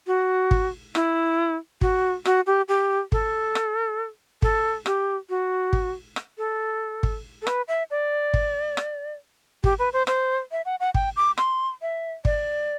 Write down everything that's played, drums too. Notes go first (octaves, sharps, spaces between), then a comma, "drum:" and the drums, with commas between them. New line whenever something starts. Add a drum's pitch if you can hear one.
F#4
drum: kick G#1
E4, drum: rim click
F#4, drum: kick G#1
F#4, drum: rim click
G4
G4
A4, drum: kick G#1
drum: rim click
A4, drum: kick G#1
G4, drum: rim click
F#4
drum: kick G#1
drum: rim click
A4
drum: kick G#1
A4
B4, drum: rim click
E5
D5
drum: kick G#1
drum: rim click
G4, drum: kick G#1
B4
C5
C5, drum: rim click
E5
F#5
F#5
G5, drum: kick G#1
D6
C6, drum: rim click
E5
D5, drum: kick G#1